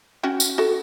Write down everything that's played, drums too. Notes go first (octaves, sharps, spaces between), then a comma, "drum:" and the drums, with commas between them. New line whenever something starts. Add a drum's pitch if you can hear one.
C#4 F#4 G5
drum: tambourine
F#4 A4